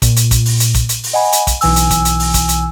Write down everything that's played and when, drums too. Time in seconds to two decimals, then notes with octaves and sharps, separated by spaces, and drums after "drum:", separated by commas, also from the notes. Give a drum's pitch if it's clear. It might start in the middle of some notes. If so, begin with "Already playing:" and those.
0.02 A#2, drum: kick, hi-hat
0.16 drum: hi-hat
0.31 drum: kick, hi-hat
0.45 drum: open hi-hat
0.60 drum: hi-hat
0.74 drum: kick, hi-hat
0.89 drum: hi-hat
1.03 drum: open hi-hat
1.13 D#5 F#5 G#5 B5
1.32 drum: hi-hat
1.47 drum: kick, hi-hat
1.61 B1 E3 G#5 E6, drum: open hi-hat
1.76 drum: hi-hat
1.90 drum: kick, hi-hat
2.05 drum: hi-hat
2.19 drum: open hi-hat
2.34 drum: kick, hi-hat
2.49 drum: hi-hat